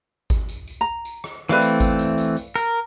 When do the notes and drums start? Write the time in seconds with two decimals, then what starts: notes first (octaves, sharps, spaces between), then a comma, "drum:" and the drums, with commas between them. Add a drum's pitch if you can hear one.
0.30 drum: kick G#1, tambourine
0.49 drum: tambourine
0.68 drum: tambourine
0.81 A#5
1.05 drum: tambourine
1.24 drum: rim click
1.49 E3 A3 C4 B4 D5 F5
1.62 drum: tambourine
1.80 drum: kick G#1, tambourine
1.99 drum: tambourine
2.18 drum: tambourine
2.37 drum: tambourine
2.56 A#4, drum: tambourine